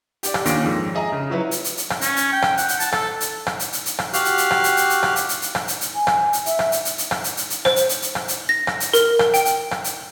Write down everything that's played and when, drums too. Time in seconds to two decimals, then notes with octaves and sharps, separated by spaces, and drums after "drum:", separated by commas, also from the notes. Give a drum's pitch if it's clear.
0.23 G4 D5, drum: hi-hat
0.34 drum: rim click
0.45 D#2 A#2 C#4 D6 A#6 D7, drum: hi-hat
0.64 F2 G#2
0.95 G#4 D#5 E5 A#5
1.12 C#3
1.30 F3 F#3 E4 B4 C#5
1.51 drum: hi-hat
1.64 drum: hi-hat
1.77 drum: hi-hat
1.90 drum: rim click
2.01 C#4, drum: hi-hat
2.16 drum: hi-hat
2.33 G5
2.42 drum: rim click
2.57 F#5, drum: hi-hat
2.68 drum: hi-hat
2.80 A5, drum: hi-hat
2.92 A4, drum: rim click
3.20 drum: hi-hat
3.47 drum: rim click
3.60 drum: hi-hat
3.73 drum: hi-hat
3.86 drum: hi-hat
3.99 drum: rim click
4.13 F#4 G4 F5 F6 F#6, drum: hi-hat
4.25 drum: hi-hat
4.38 drum: hi-hat
4.51 drum: rim click
4.64 drum: hi-hat
4.77 drum: hi-hat
4.90 drum: hi-hat
5.03 drum: rim click
5.16 drum: hi-hat
5.29 drum: hi-hat
5.42 drum: hi-hat
5.55 drum: rim click
5.68 drum: hi-hat
5.81 drum: hi-hat
5.94 G#5
6.07 drum: rim click
6.33 drum: hi-hat
6.46 E5, drum: hi-hat
6.59 drum: rim click
6.72 drum: hi-hat
6.85 drum: hi-hat
6.98 drum: hi-hat
7.11 drum: rim click
7.24 drum: hi-hat
7.37 drum: hi-hat
7.50 drum: hi-hat
7.65 C5, drum: rim click
7.76 drum: hi-hat
7.89 drum: hi-hat
8.02 drum: hi-hat
8.15 drum: rim click
8.28 drum: hi-hat
8.49 A#6
8.67 drum: rim click
8.80 drum: hi-hat
8.93 A#4, drum: hi-hat
9.19 drum: rim click
9.34 G5, drum: hi-hat
9.45 drum: hi-hat
9.71 drum: rim click
9.84 drum: hi-hat